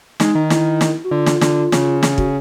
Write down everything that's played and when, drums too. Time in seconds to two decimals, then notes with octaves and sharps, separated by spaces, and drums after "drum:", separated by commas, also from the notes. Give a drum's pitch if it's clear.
0.20 G#3 D#4, drum: snare
0.35 D#3
0.50 E4, drum: snare
0.81 drum: snare
1.04 F#4
1.11 D3 F4
1.27 drum: snare
1.41 D3, drum: snare
1.72 C#3, drum: snare
2.03 drum: snare
2.18 F#4, drum: kick